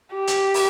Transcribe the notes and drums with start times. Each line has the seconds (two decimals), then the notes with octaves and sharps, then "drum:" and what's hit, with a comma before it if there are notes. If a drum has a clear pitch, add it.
0.14 G4
0.27 drum: hi-hat
0.54 drum: open hi-hat